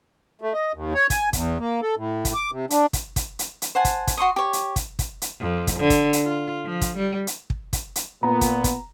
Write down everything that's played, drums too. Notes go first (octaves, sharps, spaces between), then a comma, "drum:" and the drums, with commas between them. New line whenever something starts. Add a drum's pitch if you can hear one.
A3
D#5
D#2
C#5
G#5, drum: kick, hi-hat
E2, drum: kick, hi-hat
A#3
A4
A2
drum: kick, hi-hat
D6
C3
D4, drum: hi-hat
drum: kick, hi-hat
drum: kick, hi-hat
drum: hi-hat
drum: hi-hat
C5 F#5 G#5 A5
drum: kick, hi-hat
drum: kick, hi-hat
F#4 C6 C#6 D#6
G4 C#5
drum: hi-hat
drum: kick, hi-hat
drum: kick, hi-hat
drum: hi-hat
F2
drum: kick, hi-hat
D3
drum: kick, hi-hat
drum: hi-hat
F4
F3
drum: kick, hi-hat
G3
drum: hi-hat
drum: kick
drum: kick, hi-hat
drum: hi-hat
A#2 B3 A#5
drum: kick, hi-hat
drum: kick, hi-hat